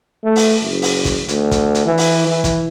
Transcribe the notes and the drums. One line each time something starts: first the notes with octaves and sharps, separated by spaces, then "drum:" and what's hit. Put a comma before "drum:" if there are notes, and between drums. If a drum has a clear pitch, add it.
A3
drum: open hi-hat
F#1
drum: open hi-hat
drum: kick, hi-hat
D2, drum: hi-hat
drum: kick, hi-hat
drum: hi-hat
E3
drum: open hi-hat
E3
drum: kick, hi-hat